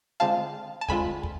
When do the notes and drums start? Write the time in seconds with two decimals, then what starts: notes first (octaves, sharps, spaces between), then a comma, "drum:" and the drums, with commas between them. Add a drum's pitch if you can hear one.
0.20 D3 G#3 C4 F4 F5 A5
0.81 A5
0.88 D3 G#3 C4 F4 G#5 B5, drum: kick
1.23 drum: kick